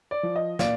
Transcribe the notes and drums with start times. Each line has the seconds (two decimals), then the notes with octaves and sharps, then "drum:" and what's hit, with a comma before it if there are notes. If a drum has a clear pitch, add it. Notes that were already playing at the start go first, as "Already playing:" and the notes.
0.11 D5
0.23 F3
0.36 D#5
0.59 A#2 D5 F5, drum: snare